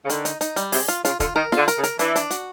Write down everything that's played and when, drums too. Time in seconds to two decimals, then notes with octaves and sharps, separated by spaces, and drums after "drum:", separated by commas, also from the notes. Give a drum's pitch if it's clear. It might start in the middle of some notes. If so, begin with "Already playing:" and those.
0.05 C#3
0.10 D3 D#3, drum: hi-hat
0.25 D#4, drum: hi-hat
0.41 D#4, drum: hi-hat
0.56 G3, drum: hi-hat
0.72 C3 G#4, drum: open hi-hat
0.88 F4, drum: hi-hat
1.05 C#3 F4, drum: hi-hat
1.20 D3 F4, drum: kick, hi-hat
1.35 D#3 A#4
1.52 D3 F4, drum: snare
1.68 A#4, drum: hi-hat
1.77 C#3
1.84 A#4, drum: hi-hat
1.99 E3 D4, drum: hi-hat
2.16 D4, drum: hi-hat
2.31 F#4, drum: hi-hat